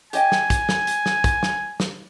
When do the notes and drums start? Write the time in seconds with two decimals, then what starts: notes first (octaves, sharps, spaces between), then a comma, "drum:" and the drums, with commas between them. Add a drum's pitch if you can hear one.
0.13 G4 D#5 G5 G#5, drum: hi-hat
0.32 drum: snare
0.50 drum: kick, hi-hat
0.69 drum: snare
0.87 drum: hi-hat
1.06 drum: snare
1.24 drum: kick, hi-hat
1.43 drum: snare
1.80 drum: snare